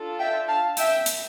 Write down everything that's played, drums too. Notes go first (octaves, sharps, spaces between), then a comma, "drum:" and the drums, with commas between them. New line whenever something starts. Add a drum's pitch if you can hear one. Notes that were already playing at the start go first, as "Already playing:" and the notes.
Already playing: D4 F4 A4
E5 G5
F5 A5
E5 G5, drum: hi-hat
drum: hi-hat